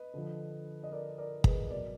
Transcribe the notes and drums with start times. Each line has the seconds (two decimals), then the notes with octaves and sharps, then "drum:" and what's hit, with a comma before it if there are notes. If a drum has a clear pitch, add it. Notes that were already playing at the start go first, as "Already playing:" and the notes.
Already playing: B4 D#5
0.14 D3 F3
0.83 D#5
0.92 A#4 D5
1.18 A#4 D5
1.44 G#4 B4, drum: kick
1.70 B2 F#3 A#4 D5